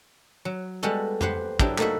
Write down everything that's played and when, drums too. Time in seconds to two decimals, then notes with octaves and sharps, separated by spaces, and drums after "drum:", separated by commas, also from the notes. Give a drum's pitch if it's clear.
0.45 F#3
0.83 G3 G#3 B3 F#4 A4
1.21 G4 B4 C5 F#5, drum: tom F2
1.59 F#3 D4 E4 G4, drum: kick
1.78 A3 A#3 D#4 F#4 E5, drum: clap